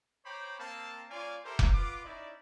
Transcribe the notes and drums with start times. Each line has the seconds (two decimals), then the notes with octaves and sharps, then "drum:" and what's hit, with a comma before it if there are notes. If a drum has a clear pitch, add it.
0.25 C5 C#5 G5 A#5 B5 D6
0.59 A#3 C4 A5
1.09 A#3 C#4 F4 D5 F5 G#5
1.44 E4 G4 A4 A#4 C5
1.59 drum: kick F1
1.73 B3 F4 B4 D6
2.04 C#4 D#4 E4 D5